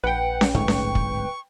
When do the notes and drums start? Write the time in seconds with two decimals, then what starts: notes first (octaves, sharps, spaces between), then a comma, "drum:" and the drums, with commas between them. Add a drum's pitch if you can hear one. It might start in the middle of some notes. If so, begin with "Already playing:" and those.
0.04 A#1 B4 F#5 G5
0.41 drum: snare C#4
0.55 D1 G#2 A3 C#6
0.68 drum: snare C#4
0.95 drum: kick